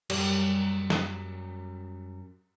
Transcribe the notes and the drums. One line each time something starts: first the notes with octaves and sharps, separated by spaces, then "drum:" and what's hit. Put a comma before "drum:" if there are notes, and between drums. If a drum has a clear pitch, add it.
F#2 G3 A#3, drum: cymbal
drum: snare